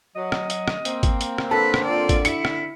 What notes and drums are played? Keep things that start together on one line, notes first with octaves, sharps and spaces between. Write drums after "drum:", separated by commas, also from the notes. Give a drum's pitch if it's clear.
F#3 D#5
drum: rim click
drum: hi-hat
drum: rim click
A#3 C4, drum: hi-hat
drum: kick, hi-hat
drum: hi-hat
drum: rim click
D3 A4 B4
drum: rim click
F4 D5
drum: kick, hi-hat
E4 C#7, drum: hi-hat
drum: rim click